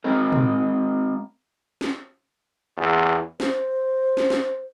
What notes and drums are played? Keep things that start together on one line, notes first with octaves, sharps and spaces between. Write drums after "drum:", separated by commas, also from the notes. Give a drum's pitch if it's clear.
G#3 C4 D#4 A#4
drum: tom
drum: snare
E2
C5, drum: snare
drum: snare
drum: snare